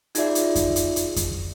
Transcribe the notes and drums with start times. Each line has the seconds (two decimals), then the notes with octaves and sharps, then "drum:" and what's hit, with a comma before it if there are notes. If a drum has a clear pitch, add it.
0.15 D#4 F4 F#4 G#4 D5 E5, drum: hi-hat
0.35 drum: hi-hat
0.55 drum: kick F2, hi-hat
0.76 drum: hi-hat
0.96 drum: hi-hat
1.16 drum: kick F2, hi-hat